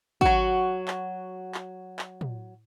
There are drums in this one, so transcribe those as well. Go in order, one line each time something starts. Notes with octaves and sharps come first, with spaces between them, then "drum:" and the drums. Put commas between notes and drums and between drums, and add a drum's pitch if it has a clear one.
F#3 F#4, drum: kick
drum: clap
drum: clap
drum: clap
drum: tom